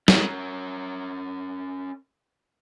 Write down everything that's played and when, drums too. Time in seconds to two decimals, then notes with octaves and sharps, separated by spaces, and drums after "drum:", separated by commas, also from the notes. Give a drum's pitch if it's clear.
0.08 C#4 A#4, drum: snare